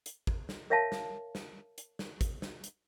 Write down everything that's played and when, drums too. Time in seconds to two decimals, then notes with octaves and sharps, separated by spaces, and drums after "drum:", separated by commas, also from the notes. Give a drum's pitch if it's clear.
0.06 drum: hi-hat
0.27 drum: kick G#1
0.49 drum: snare
0.70 A#4 C#5 E5 F5 A5
0.92 drum: snare
1.35 drum: snare
1.78 drum: hi-hat
1.99 drum: snare
2.21 drum: kick G#1, hi-hat
2.42 drum: snare
2.64 drum: hi-hat